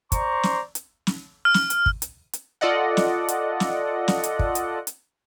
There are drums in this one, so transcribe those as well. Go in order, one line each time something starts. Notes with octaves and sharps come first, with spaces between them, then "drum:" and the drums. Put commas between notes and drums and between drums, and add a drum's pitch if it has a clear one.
C5 D5 A#5 C6 C#6, drum: kick, hi-hat
drum: snare
drum: hi-hat
drum: snare
F6
drum: snare
drum: hi-hat
drum: kick
drum: hi-hat
drum: hi-hat
F4 A4 D5 D#5 F#5
drum: snare
drum: hi-hat
drum: snare
drum: snare
drum: hi-hat
drum: kick
drum: hi-hat
drum: hi-hat